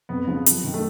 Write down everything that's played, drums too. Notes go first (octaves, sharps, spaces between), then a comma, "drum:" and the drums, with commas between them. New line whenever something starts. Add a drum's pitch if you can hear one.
F2 B3
C#3 F3
F#2, drum: hi-hat
D#3
A3